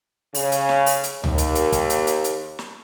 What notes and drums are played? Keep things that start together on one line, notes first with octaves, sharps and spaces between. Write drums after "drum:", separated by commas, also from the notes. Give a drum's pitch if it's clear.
C#3, drum: open hi-hat
drum: hi-hat
drum: snare
drum: open hi-hat
drum: hi-hat
D#2, drum: tom C#2
drum: hi-hat
drum: hi-hat
drum: kick, hi-hat
drum: hi-hat
drum: hi-hat
drum: hi-hat
drum: snare